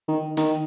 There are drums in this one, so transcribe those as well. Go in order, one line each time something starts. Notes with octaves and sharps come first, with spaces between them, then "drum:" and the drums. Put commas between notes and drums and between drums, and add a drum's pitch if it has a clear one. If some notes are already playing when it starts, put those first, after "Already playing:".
D#3
D#3, drum: hi-hat